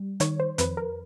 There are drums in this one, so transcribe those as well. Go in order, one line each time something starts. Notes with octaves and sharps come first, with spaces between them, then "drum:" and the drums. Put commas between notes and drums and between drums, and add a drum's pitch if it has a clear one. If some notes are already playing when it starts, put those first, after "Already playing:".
Already playing: G3
D#3 C#5, drum: hi-hat
C5
F2 B4, drum: hi-hat
A#4